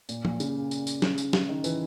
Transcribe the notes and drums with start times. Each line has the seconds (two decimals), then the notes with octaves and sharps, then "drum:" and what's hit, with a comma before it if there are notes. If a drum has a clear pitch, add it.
0.09 A#2, drum: tambourine
0.25 A#2, drum: tom F3
0.40 C#3, drum: tambourine
0.71 drum: tambourine
0.87 drum: tambourine
1.02 C#3, drum: snare
1.18 drum: tambourine
1.33 drum: snare
1.49 D#3
1.64 E3, drum: tambourine